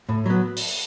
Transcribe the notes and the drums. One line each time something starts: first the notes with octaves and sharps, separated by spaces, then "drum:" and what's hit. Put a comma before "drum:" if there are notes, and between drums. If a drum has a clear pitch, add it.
A2
F#3 B3
drum: open hi-hat